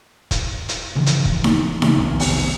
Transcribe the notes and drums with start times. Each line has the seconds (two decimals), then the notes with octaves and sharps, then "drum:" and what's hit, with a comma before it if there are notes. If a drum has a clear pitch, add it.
0.31 drum: kick, hi-hat
0.69 drum: hi-hat
0.95 G2 C#3 E3 F3
1.06 drum: hi-hat
1.25 drum: kick
1.44 drum: snare D#4
1.82 C#3 E3 A3, drum: snare D#4
1.98 F1 B1 D#3
2.20 drum: open hi-hat